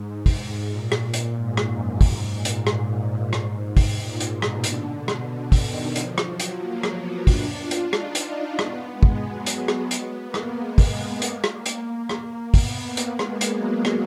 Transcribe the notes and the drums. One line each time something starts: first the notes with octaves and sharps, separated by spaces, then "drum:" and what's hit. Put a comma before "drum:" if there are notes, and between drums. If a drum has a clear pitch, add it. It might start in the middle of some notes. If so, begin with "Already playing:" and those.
Already playing: G#2
drum: kick, open hi-hat
A#2
drum: rim click
A#2
drum: hi-hat
G#2
drum: rim click
F#2
G#2, drum: kick, open hi-hat
A#2
drum: hi-hat
G#2, drum: rim click
G#2
drum: rim click
drum: kick, open hi-hat
A#2
drum: hi-hat
B2
drum: rim click
D3, drum: hi-hat
B2
drum: rim click
D3
drum: kick, open hi-hat
D#3
F3, drum: hi-hat
drum: rim click
F#3
drum: hi-hat
A#3
drum: rim click
B3
D4, drum: kick, open hi-hat
F4
drum: hi-hat
D#4, drum: rim click
drum: hi-hat
D4
B3, drum: rim click
G#3
drum: kick
F#3
drum: hi-hat
G#3
drum: rim click
B3, drum: hi-hat
A#3
drum: rim click
G#3
drum: kick, open hi-hat
A#3
drum: hi-hat
drum: rim click
drum: hi-hat
drum: rim click
B3, drum: kick, open hi-hat
A#3
drum: hi-hat
G#3, drum: rim click
drum: hi-hat
F#3
drum: rim click